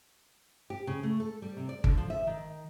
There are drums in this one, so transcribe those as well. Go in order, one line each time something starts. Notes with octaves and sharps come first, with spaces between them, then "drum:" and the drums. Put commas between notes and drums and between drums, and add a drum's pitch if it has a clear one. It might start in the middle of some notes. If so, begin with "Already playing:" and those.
G4
C#3
A3
A4
G3
C3
D5
D3, drum: kick G1
F3
E5
D#3